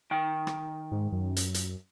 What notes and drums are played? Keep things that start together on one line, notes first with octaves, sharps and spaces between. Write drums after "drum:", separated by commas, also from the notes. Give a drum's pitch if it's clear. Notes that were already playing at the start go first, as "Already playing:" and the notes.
D#3 G5
drum: rim click
G#2
F#2
drum: hi-hat
drum: hi-hat